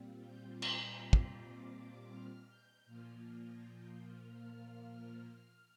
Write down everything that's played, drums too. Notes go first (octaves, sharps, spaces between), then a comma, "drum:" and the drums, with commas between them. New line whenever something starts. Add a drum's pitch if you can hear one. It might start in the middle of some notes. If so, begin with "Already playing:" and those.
Already playing: A#2 G3 C4 F4
G6
G6, drum: cymbal
drum: kick
D6
F6
G6
A#2 F3 A#3 F4 F6
G6
F6